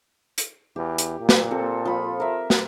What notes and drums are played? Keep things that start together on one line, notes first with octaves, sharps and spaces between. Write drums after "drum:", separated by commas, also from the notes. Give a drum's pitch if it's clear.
drum: hi-hat
E2 G4
drum: hi-hat
A#2
drum: snare
C4 A4 C5
F3 B5
A#4 E5
drum: snare